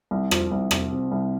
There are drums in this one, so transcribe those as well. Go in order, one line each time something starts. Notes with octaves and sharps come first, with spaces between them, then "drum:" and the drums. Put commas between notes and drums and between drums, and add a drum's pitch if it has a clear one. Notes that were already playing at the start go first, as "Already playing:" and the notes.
C2
F3, drum: rim click
C2
C3, drum: rim click
C3
C2